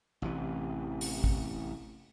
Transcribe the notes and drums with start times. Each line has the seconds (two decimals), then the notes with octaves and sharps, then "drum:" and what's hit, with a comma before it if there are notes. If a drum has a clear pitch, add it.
0.22 A1 C3 E3
1.01 drum: open hi-hat
1.24 drum: kick